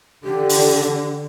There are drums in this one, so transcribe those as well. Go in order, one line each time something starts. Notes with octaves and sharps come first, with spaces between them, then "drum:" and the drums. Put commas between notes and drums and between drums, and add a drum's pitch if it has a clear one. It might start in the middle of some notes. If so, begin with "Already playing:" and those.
D3 G4
drum: open hi-hat